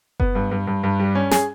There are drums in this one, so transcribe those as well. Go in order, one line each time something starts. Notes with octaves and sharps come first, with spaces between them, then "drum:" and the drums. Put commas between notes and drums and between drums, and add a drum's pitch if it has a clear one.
B3, drum: kick F#1
G2
G2
G2
G2
G3
C#4
G#4, drum: snare